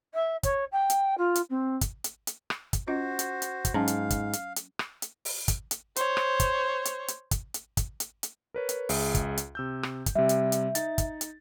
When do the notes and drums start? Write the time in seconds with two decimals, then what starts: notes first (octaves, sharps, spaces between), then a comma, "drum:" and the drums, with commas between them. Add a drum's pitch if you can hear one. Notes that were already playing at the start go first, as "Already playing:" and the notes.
0.14 E5
0.43 C#5, drum: kick, hi-hat
0.72 G5
0.90 drum: hi-hat
1.18 F4
1.35 drum: hi-hat
1.50 C4
1.81 drum: kick, hi-hat
2.04 drum: hi-hat
2.27 drum: hi-hat
2.50 drum: rim click
2.73 drum: kick, hi-hat
2.87 C#4 F4 F#4 C5 D#5
3.19 drum: hi-hat
3.42 drum: hi-hat
3.65 drum: kick, hi-hat
3.74 G#2 F#3 C#4 F5 A5
3.88 drum: hi-hat
4.10 drum: kick, hi-hat
4.33 drum: hi-hat
4.56 drum: hi-hat
4.79 drum: rim click
5.02 drum: hi-hat
5.25 drum: open hi-hat
5.48 drum: kick, hi-hat
5.71 drum: hi-hat
5.96 C5 C#5, drum: hi-hat
6.17 drum: rim click
6.40 drum: kick, hi-hat
6.85 drum: hi-hat
7.08 drum: hi-hat
7.31 drum: kick, hi-hat
7.54 drum: hi-hat
7.77 drum: kick, hi-hat
8.00 drum: hi-hat
8.23 drum: hi-hat
8.54 A#4 B4 C#5
8.69 drum: hi-hat
8.89 C#2 G#4 E5, drum: open hi-hat
9.15 drum: kick, hi-hat
9.37 drum: hi-hat
9.55 C3 E6 G6
9.83 drum: rim click
10.06 drum: kick, hi-hat
10.15 C3 G3 E5
10.29 drum: hi-hat
10.52 drum: hi-hat
10.75 D#4 A6, drum: hi-hat
10.98 drum: kick, hi-hat
11.21 drum: hi-hat